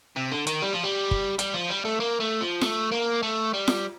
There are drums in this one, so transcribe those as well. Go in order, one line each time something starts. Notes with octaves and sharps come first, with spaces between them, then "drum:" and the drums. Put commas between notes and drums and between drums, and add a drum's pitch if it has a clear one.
C3
D3
D#3, drum: hi-hat
G3
F3
G3
drum: kick
G3, drum: hi-hat
F3
G3
A3
A#3
A3
F3
A3, drum: snare F4
A#3
A3
G3
drum: snare F4